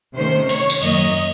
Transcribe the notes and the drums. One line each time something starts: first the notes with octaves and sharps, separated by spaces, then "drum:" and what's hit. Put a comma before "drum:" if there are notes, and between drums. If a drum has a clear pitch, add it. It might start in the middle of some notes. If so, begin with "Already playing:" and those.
C3 D#3 A3 C#4 C5
C#5, drum: open hi-hat
drum: tambourine
F#2 D#3 F#3 A#3 D#5, drum: cymbal